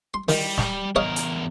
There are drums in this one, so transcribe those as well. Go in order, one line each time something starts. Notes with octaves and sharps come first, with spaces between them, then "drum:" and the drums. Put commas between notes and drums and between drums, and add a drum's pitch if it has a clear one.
C6
D#3 G3, drum: open hi-hat
drum: snare
E2 A#4 C#5 D#5 F5
drum: hi-hat